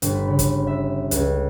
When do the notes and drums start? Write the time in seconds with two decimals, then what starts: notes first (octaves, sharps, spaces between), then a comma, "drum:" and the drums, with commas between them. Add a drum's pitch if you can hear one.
0.02 G1, drum: hi-hat
0.15 B5
0.28 C#3
0.39 drum: kick, hi-hat
0.67 E5
1.11 C#2, drum: hi-hat